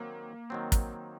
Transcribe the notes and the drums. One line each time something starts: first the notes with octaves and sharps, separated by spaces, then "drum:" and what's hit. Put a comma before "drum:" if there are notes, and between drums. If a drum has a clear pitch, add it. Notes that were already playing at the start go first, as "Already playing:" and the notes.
Already playing: D#3 F#3 A#3 C4
D#3 F#3 C4
drum: kick, hi-hat